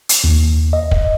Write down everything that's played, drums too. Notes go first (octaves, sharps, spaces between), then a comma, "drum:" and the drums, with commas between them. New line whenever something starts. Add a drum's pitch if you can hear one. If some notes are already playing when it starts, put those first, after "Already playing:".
drum: hi-hat
D#2
D#5
drum: kick